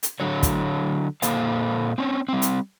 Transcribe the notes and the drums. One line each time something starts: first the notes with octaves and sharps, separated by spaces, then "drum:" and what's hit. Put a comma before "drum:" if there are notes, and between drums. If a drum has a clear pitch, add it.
drum: hi-hat
D3 F#3 C#5
drum: kick, hi-hat
A#2 A#3 A4 C5 F5, drum: hi-hat
C4 C#4 C#5
G3 C4
drum: hi-hat